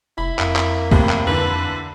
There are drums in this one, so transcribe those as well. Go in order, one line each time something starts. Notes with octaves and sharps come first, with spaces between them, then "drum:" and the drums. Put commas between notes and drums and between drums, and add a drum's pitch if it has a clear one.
F1 E4 B5
F2 A#3, drum: clap
drum: clap
D#2 A2 C3, drum: kick
drum: clap
D3 E3 B4